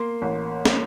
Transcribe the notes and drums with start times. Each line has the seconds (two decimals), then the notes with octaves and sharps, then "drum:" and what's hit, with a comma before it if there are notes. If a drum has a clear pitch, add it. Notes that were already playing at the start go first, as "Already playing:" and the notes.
Already playing: A#3 C6
0.22 A1
0.65 drum: snare